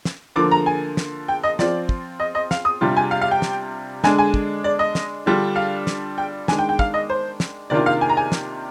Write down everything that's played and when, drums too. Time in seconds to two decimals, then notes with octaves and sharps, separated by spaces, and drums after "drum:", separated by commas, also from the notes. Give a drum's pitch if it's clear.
0.05 drum: snare
0.36 D3 F3 A#3 D6
0.51 A#5
0.66 G#5
0.97 drum: snare
1.28 G5
1.43 D#5
1.59 F3 C4 F4 D5, drum: snare
1.89 drum: kick
2.20 D#5
2.35 D#5
2.51 F5, drum: snare
2.65 D#6
2.81 C3 G3 D4 F4
2.97 G#5
3.11 F5
3.22 F5
3.31 G5
3.42 drum: snare
4.04 D3 G#3 D4 G#5, drum: snare
4.18 G#5
4.34 drum: kick
4.64 D5
4.79 D#5
4.95 drum: snare
5.26 D3 G3 D4 F4
5.56 F5
5.87 drum: snare
6.18 G5
6.48 D#3 G#3 D4 G#5, drum: snare
6.59 G5
6.69 G5
6.79 F5, drum: kick
6.94 D#5
7.10 C5
7.40 drum: snare
7.70 C3 D#3 A#3 D4 F4 D5
7.86 F5
8.01 G#5
8.10 A#5
8.17 G#5
8.32 drum: snare